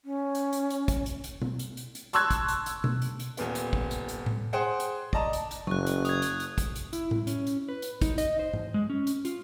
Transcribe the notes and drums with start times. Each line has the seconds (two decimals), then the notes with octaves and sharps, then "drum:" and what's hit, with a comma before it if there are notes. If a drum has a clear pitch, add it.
0.05 C#4
0.35 drum: hi-hat
0.53 drum: hi-hat
0.70 drum: hi-hat
0.88 drum: kick, hi-hat
1.06 drum: hi-hat
1.24 drum: hi-hat
1.42 drum: tom B2
1.59 drum: hi-hat
1.77 drum: hi-hat
1.95 drum: hi-hat
2.13 A5 C6 C#6 E6 F#6 G#6, drum: hi-hat
2.31 drum: kick, hi-hat
2.48 drum: hi-hat
2.66 drum: hi-hat
2.84 drum: tom B2
3.02 drum: hi-hat
3.20 drum: hi-hat
3.37 D#1 A#2 B3, drum: hi-hat
3.55 drum: hi-hat
3.73 drum: kick
3.91 drum: hi-hat
4.09 drum: hi-hat
4.26 drum: tom A2
4.53 G#4 C5 F#5 G5
4.80 drum: hi-hat
5.13 D5 D#5 A5 A#5, drum: kick
5.33 drum: hi-hat
5.51 drum: hi-hat
5.67 F#1 C#6 F#6, drum: tom F#3
5.86 drum: hi-hat
6.05 D#6 G#6, drum: hi-hat
6.22 drum: hi-hat
6.40 drum: hi-hat
6.58 drum: kick, hi-hat
6.75 drum: hi-hat
6.93 E4, drum: hi-hat
7.11 drum: tom A2
7.27 C#4, drum: hi-hat
7.47 drum: hi-hat
7.69 B4
7.82 drum: hi-hat
8.01 D#4, drum: kick, hi-hat
8.18 D#5, drum: hi-hat
8.39 C5
8.53 drum: tom
8.74 G#3
8.90 C#4
9.07 drum: hi-hat
9.25 F4, drum: hi-hat